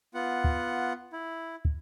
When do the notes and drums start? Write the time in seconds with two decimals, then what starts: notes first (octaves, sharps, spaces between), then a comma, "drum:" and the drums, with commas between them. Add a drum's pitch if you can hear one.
0.14 B3 F4 F#5
0.44 drum: kick
1.13 E4
1.65 drum: kick